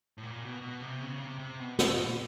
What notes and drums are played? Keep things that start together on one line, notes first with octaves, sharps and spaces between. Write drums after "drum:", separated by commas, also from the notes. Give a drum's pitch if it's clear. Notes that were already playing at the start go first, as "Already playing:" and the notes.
A2
A#2
B2
B2
C3
C#3
C#3
C3
C3
B2
B2, drum: snare
A#2